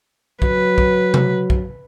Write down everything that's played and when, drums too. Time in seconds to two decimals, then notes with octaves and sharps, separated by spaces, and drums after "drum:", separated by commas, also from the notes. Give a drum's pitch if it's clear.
0.42 F#3 B4, drum: kick B1
0.78 drum: kick B1
1.14 drum: tom C3
1.50 drum: kick B1